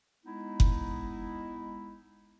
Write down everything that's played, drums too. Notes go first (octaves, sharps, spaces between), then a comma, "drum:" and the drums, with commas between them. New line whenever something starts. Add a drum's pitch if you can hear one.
G#3 B3 D#4 E4
drum: kick F#1